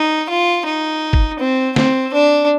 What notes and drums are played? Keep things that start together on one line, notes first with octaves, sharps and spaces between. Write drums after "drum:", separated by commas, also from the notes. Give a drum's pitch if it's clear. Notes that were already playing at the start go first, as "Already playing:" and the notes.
Already playing: D#4
F4
D#4
drum: kick
C4
C4, drum: snare
D4